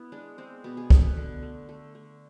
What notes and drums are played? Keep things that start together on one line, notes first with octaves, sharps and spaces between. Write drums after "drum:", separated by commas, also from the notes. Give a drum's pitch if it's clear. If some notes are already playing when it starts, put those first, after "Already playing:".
Already playing: B3 E4
G#3 D4
G#3 C4
B2 B3
G#4
B3 A4, drum: kick
B4
D3
A3
A3
A3